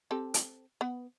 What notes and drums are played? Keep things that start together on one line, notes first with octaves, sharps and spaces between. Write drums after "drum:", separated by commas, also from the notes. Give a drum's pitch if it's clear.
C4 G4 A4
drum: hi-hat
B3